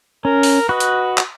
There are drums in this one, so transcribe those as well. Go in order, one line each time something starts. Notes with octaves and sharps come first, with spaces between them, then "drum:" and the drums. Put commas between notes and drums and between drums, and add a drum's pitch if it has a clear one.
C#4 A#4
drum: open hi-hat
F#4 B4 D#5
drum: hi-hat
drum: clap